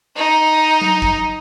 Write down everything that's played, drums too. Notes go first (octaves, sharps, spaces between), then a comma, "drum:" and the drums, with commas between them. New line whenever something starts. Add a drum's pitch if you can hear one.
D#4
drum: tom F#3
drum: kick